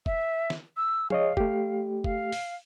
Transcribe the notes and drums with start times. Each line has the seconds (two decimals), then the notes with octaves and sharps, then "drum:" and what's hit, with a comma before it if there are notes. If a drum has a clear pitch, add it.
0.06 E5, drum: kick F1
0.50 drum: snare
0.77 E6
1.10 G#4 C#5 D#5 F5, drum: tom F3
1.37 A3 G4, drum: kick F1
2.04 F5, drum: kick F1
2.32 drum: open hi-hat